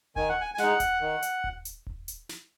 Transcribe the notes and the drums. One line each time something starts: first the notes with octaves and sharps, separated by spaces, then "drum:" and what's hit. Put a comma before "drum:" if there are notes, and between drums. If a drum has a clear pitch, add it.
D#3 G#5, drum: kick D#1
F#5
G#5
G#5
G#3 D#4 F#5, drum: snare
drum: kick D#1, hi-hat
D#3
drum: hi-hat
drum: kick D#1
drum: hi-hat
drum: kick D#1
drum: hi-hat
drum: snare